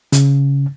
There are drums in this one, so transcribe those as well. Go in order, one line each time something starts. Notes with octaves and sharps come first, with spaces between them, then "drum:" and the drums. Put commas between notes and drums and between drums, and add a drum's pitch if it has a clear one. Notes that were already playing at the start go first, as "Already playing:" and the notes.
C#3, drum: hi-hat